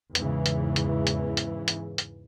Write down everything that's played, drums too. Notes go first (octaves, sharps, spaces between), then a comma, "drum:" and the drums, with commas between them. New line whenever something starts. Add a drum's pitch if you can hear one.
E2 G#2 C#3 E3, drum: hi-hat
drum: hi-hat
drum: hi-hat
drum: hi-hat
drum: hi-hat
drum: hi-hat
drum: hi-hat